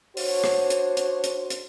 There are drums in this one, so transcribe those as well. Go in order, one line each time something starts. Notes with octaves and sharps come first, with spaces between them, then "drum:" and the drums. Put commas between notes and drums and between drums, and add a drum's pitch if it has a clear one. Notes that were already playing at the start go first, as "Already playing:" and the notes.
D4 F#4 C5 C#5, drum: open hi-hat
drum: rim click
drum: hi-hat
drum: hi-hat
drum: hi-hat
drum: hi-hat